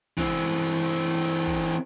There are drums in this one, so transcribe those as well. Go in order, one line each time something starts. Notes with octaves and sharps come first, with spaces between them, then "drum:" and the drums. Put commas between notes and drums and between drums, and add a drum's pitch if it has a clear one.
E3 C4, drum: kick, hi-hat
drum: open hi-hat
drum: hi-hat
drum: hi-hat
drum: hi-hat
drum: kick, hi-hat
drum: hi-hat